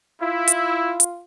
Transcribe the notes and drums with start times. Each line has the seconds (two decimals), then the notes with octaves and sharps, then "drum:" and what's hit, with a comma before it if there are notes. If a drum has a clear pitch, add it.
0.21 E4 F4
0.48 drum: hi-hat
1.00 drum: hi-hat